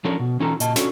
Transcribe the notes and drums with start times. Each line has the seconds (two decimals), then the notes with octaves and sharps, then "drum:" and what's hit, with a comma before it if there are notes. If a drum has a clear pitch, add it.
0.05 F3 C#4 D4 A4 A#4 C#5
0.20 B2
0.40 E3 C#4 D#4 F4 A4 A#5
0.60 A#2 D#5 A5, drum: hi-hat
0.76 C#4 D4 F#4 A4 C#5, drum: snare